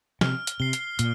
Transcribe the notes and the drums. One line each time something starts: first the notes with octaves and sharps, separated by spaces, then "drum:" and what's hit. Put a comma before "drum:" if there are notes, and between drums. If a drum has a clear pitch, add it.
C3 F6, drum: snare
drum: hi-hat
C3 C7 G7
drum: hi-hat
A#2 F6, drum: hi-hat